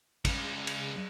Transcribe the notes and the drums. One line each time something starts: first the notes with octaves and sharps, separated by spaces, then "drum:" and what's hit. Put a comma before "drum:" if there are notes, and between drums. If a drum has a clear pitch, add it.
C#3 G#3, drum: kick, cymbal
drum: cymbal